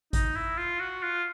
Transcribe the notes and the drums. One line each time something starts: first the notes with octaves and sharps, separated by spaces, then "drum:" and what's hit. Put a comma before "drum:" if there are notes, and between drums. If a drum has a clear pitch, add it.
D#4, drum: kick G#1, hi-hat
E4
F4
F#4
F4